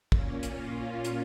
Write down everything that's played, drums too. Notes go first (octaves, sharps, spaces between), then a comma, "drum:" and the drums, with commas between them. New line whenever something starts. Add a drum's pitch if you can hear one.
A#2 A#3 C#4, drum: kick
F4, drum: hi-hat
drum: hi-hat